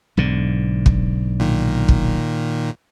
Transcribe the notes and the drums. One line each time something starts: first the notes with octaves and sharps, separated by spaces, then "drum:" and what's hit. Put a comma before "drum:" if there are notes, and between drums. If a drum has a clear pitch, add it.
B1 G#2 D3
drum: kick
A#2 D#3
drum: kick